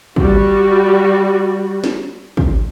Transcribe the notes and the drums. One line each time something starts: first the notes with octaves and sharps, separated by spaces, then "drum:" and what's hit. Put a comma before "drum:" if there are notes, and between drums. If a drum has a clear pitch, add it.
G3 F#4, drum: kick
drum: snare
drum: kick